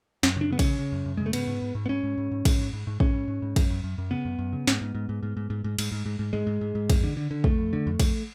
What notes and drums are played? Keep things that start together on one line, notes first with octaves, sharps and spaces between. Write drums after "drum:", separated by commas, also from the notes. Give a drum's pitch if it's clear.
F#2, drum: snare
C#3 D4
C#3 B3
C#4, drum: kick, cymbal
C#3
C#3
F#2
F#2
C#3 G#3
A3
G#2 B3, drum: cymbal
G#2
G#2
G#2
B3
G#2 C#4
G#2
G#2
G#2
G#2, drum: kick, cymbal
G#2
G#2
G#2
G#2 C#4, drum: kick
G#2
G#2
G#2
F#2, drum: kick, cymbal
F#2
F#2
F#2
C#3 B3
F#2
F#2
C#3
G#2, drum: snare
G#2
G#2
G#2
G#2
G#2
G#2
G#2
G#2, drum: cymbal
G#2
G#2
G#2
G#2 G#3
G#2
G#2
G#2
F2, drum: kick, cymbal
D3
D3
D3
F2 A3, drum: kick
F2
D3
F2
F2, drum: kick, cymbal